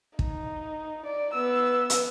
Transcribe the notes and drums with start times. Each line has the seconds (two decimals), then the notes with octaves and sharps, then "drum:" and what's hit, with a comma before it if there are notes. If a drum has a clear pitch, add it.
0.19 D#4, drum: kick
1.06 D5
1.34 B3 E6
1.90 drum: hi-hat